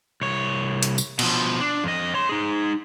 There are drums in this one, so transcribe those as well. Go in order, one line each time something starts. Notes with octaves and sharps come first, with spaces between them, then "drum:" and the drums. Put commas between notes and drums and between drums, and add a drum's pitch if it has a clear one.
C2 C#5
drum: hi-hat
drum: tambourine
B2 F3, drum: cymbal
D4
F2 D#5
C#5 C6
D#4 G#4